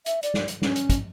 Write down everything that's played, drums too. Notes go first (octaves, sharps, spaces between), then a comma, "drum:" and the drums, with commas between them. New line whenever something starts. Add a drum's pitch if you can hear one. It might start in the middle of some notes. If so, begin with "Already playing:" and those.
E5, drum: hi-hat
D5, drum: hi-hat
drum: snare
drum: hi-hat
C#4, drum: snare
drum: hi-hat
drum: kick, hi-hat